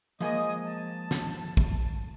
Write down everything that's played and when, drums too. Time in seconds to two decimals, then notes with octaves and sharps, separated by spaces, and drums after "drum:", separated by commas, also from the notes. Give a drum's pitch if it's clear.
0.20 F3 G#3 A#3 D#5 G#5 D#6
0.65 A5
1.11 drum: snare
1.57 drum: kick